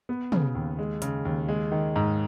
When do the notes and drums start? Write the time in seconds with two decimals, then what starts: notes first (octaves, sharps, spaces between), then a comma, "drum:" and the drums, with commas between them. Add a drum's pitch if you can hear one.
0.09 B3
0.32 C#3, drum: tom
0.55 D#2
0.79 G#3
1.02 C#3, drum: hi-hat
1.25 D#2
1.49 G#3
1.72 D#3
1.96 G#2